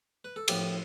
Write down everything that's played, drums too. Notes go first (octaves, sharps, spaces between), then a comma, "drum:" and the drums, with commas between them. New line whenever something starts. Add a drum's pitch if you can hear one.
B4
A4
A2 F3 B3 G4, drum: cymbal